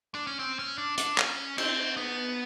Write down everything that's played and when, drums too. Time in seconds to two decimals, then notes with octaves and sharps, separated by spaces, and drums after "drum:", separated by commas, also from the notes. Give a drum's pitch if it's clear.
0.15 D4
0.27 C#4
0.39 C4
0.59 C#4
0.78 D4
0.98 D4, drum: hi-hat
1.18 C#4, drum: clap
1.58 C4, drum: cymbal
1.97 B3